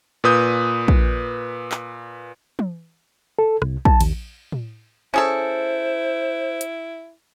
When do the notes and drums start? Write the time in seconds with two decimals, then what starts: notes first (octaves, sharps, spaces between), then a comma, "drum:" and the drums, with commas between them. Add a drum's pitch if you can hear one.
0.24 A#2 B4 D#6 G6
0.88 drum: kick
1.72 drum: clap
2.59 drum: tom
3.39 A4
3.62 C2, drum: rim click
3.85 A5, drum: kick
4.01 D#2, drum: cymbal
4.52 drum: tom A2
5.14 C#4 E4 G#4 A4 C5
6.61 drum: hi-hat